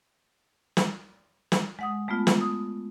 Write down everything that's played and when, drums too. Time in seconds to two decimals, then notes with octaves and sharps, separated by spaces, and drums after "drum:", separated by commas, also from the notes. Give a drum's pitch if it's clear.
0.77 drum: snare
1.52 drum: snare
1.79 G#3 F#5 D#6
2.08 G#3 A3 B3 F4
2.27 drum: snare
2.41 D#6